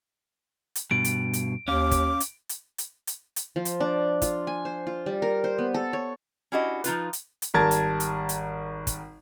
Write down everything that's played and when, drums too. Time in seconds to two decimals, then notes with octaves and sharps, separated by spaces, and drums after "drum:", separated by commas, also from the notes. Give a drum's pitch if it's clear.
0.75 drum: hi-hat
0.91 G2 B2 D7
1.04 drum: hi-hat
1.33 drum: hi-hat
1.68 D#2 C#4 F5 D6
1.91 drum: kick, hi-hat
2.20 drum: hi-hat
2.49 drum: hi-hat
2.78 drum: hi-hat
3.07 drum: hi-hat
3.36 drum: hi-hat
3.56 F3
3.65 drum: hi-hat
3.80 D4
4.22 F4, drum: kick, hi-hat
4.47 G#5
4.65 C5
4.87 F4
5.06 G3
5.22 A#4
5.44 C5
5.58 B3
5.74 A4
5.93 C#5
6.52 C#4 D4 E4 F#4 G4 D#5
6.84 F3 D#4 F4 B4, drum: hi-hat
7.13 drum: hi-hat
7.42 drum: hi-hat
7.54 G#1 G3 A#4 A5 G#6 A6
7.71 drum: hi-hat
8.00 drum: hi-hat
8.29 drum: hi-hat
8.87 drum: kick, hi-hat